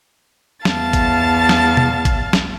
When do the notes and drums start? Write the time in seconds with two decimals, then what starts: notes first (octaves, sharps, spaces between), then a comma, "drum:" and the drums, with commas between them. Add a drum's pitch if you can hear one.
0.65 E2 F5 A5 A6, drum: snare
0.93 drum: kick G#1, hi-hat
1.49 drum: snare
1.77 drum: tom B2
2.05 drum: kick G#1, hi-hat
2.33 drum: snare